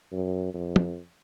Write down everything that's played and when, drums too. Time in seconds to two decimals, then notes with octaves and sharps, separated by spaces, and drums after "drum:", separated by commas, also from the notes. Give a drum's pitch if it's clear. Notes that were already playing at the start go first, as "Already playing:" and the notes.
0.12 F#2
0.54 F2
0.76 drum: tom